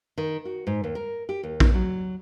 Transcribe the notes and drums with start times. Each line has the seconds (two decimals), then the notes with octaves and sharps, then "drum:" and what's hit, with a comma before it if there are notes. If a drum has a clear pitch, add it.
0.18 D#3
0.45 F#4
0.67 G#2
0.84 D#2
0.95 A#4
1.29 G4
1.43 D#2
1.60 drum: kick A#1
1.74 F#3